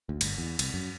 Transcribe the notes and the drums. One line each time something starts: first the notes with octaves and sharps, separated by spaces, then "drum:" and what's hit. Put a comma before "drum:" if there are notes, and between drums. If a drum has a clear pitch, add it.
D2
G1, drum: cymbal
E2
C2, drum: cymbal
F#2